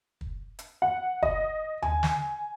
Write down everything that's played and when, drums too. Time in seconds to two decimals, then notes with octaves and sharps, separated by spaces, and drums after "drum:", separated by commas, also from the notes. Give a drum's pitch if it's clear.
0.21 drum: kick
0.59 drum: hi-hat
0.82 F#5
1.23 D#5, drum: kick
1.82 G#5, drum: tom D#2
2.03 drum: snare